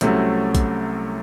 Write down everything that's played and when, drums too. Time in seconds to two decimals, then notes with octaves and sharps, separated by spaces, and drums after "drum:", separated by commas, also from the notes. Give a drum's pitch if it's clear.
0.01 C2 C3 F#3 A3 C#4, drum: hi-hat
0.55 drum: kick A#1, hi-hat